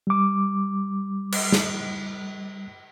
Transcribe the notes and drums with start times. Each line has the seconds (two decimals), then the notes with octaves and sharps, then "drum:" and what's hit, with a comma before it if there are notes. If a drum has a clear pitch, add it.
0.07 G3 D6
1.32 drum: cymbal
1.52 drum: snare